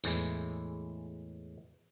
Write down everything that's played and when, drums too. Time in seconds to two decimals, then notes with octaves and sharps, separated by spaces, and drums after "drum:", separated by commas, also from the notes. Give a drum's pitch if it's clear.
0.04 E2 A2 E3 G#3 E4, drum: tambourine